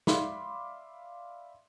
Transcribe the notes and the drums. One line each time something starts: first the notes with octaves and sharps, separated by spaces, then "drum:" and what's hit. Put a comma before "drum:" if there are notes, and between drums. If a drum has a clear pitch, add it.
D5 E5 F5 B5 C6 D6, drum: snare